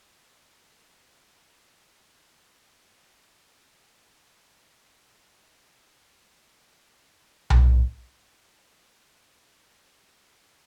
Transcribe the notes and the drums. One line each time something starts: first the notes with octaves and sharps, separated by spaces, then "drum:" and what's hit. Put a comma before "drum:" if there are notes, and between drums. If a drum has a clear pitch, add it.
C#3 G3 B3
C#2 F#5
D3
E2
D2
G3
A4 G#5
drum: tom B1
F#2 F6
D4